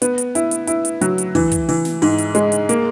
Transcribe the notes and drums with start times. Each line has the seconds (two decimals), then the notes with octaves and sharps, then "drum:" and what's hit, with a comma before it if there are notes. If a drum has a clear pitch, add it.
0.02 B3, drum: hi-hat
0.18 drum: hi-hat
0.35 E4, drum: hi-hat
0.51 drum: hi-hat
0.67 E4, drum: hi-hat
0.85 drum: hi-hat
1.01 F#3, drum: hi-hat
1.18 drum: hi-hat
1.35 E3, drum: kick, open hi-hat
1.52 drum: kick, hi-hat
1.69 E3, drum: open hi-hat
1.85 drum: snare
2.02 G#2, drum: open hi-hat
2.18 drum: hi-hat
2.35 G#3, drum: hi-hat
2.52 drum: hi-hat
2.69 A#3, drum: hi-hat